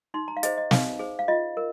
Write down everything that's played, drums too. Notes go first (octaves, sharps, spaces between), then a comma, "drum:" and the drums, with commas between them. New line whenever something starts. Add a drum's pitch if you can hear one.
D#4 C6
A#5
F5
G#4 C5 D#5, drum: hi-hat
D#5
D#4 F5, drum: snare
G#4 C5
F5
F4 D#5
A#4